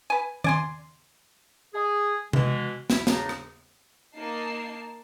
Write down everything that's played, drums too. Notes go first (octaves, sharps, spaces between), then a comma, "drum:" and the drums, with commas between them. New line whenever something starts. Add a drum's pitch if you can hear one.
B4 G#5
D5 G#5 C6, drum: tom D#3
G#4
B2 E3 G#3, drum: tom C3
E4, drum: snare
C#3 D4 D#4, drum: snare
drum: rim click
A#3 D#4 A5 C7